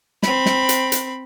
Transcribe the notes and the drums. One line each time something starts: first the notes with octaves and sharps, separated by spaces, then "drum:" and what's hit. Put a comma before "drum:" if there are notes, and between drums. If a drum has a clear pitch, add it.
C4 B5, drum: snare
drum: snare
drum: hi-hat
drum: hi-hat